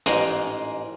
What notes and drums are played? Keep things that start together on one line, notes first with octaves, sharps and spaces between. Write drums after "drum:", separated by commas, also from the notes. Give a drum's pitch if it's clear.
A1 G#2 D#5 F5 G5, drum: hi-hat